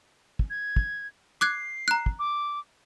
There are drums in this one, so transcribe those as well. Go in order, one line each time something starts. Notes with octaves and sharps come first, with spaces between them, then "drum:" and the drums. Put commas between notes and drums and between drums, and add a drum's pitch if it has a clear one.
drum: kick
G#6
drum: kick
D6 F#6 G#6 C7
A#5 F#6
drum: kick
D6